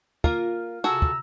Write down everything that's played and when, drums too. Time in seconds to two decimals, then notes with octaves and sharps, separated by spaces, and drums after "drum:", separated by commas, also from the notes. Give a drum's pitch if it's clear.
0.24 A#3 F4 A#4, drum: kick
0.84 C3 F#4 G#4 A4 A#5 E6
1.02 drum: kick